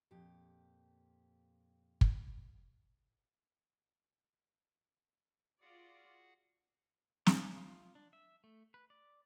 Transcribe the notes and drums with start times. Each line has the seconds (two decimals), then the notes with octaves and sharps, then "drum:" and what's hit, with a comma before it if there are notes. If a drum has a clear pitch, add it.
0.11 F2 A#2 G4
2.01 drum: kick
5.61 F4 F#4 G#4 D5 F#5
7.26 D5, drum: snare
7.54 F4
7.95 D4
8.13 E5
8.44 A3
8.74 B4
8.90 D5